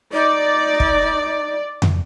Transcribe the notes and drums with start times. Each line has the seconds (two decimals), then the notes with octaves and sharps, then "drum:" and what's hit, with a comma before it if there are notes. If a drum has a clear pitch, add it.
0.13 D#4 D5
0.80 drum: kick
1.82 drum: tom F2